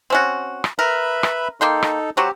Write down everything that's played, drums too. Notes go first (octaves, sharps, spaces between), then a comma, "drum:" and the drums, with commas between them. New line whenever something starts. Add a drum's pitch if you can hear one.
C4 C#4 F#4
drum: rim click
A#4 B4 E5 B5
drum: rim click
A#3 D#4 A4 G5 C6
drum: rim click
F#3 C4 F#4 G4